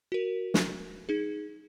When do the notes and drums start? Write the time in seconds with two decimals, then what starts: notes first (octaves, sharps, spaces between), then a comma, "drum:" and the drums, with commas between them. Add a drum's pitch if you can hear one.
0.12 F#4 A#4
0.54 drum: snare
1.09 D#4 G#4